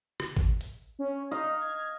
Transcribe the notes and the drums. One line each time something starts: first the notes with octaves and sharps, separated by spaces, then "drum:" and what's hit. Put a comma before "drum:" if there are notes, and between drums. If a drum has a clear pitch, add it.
drum: rim click
drum: kick
drum: hi-hat
C#4
D#4 D#5 F5
G#6